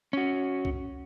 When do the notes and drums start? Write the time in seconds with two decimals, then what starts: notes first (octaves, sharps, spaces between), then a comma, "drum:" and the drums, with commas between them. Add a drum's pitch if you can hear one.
0.13 C#4 F#4
0.65 drum: kick